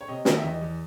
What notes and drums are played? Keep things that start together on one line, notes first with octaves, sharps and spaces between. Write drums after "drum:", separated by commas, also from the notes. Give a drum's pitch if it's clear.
C#5
C3 D#5
D#3, drum: snare
E5
E2 D#5
E2